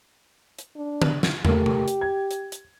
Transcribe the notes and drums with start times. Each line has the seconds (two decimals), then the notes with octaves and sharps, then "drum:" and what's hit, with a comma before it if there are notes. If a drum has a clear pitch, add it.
0.59 drum: hi-hat
0.76 D4
1.02 drum: tom D3
1.23 drum: snare
1.45 A3 G4 A#4, drum: tom
1.66 drum: tom C3
1.88 drum: hi-hat
2.01 G#6
2.31 drum: hi-hat
2.52 drum: hi-hat